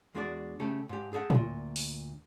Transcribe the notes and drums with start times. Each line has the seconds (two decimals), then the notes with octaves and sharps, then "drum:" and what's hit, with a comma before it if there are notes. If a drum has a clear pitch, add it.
0.15 E2 G#3 D4 F#4 A#4 D5
0.60 C#3 A3 G4 A4
0.89 G#2 G4
1.13 G#4 A4 E5 F#5
1.30 D2 A#2, drum: tom A2
1.76 drum: open hi-hat